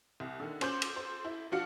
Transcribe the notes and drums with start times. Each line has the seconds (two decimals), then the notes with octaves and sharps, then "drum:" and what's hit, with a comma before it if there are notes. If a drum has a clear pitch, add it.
0.20 C2
0.40 D3 D#3
0.61 C#4 C5 D6 G6 F#7, drum: cymbal
0.82 drum: cymbal
0.96 C5
1.25 E4
1.52 F3 D4 F#4 F5 C#7